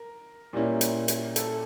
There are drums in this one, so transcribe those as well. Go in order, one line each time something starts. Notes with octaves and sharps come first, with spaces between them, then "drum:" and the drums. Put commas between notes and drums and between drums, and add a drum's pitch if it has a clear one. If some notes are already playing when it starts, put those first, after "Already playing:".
Already playing: A#4
A#2 G3 A#3 C#4 E4
drum: hi-hat
drum: hi-hat
A4, drum: hi-hat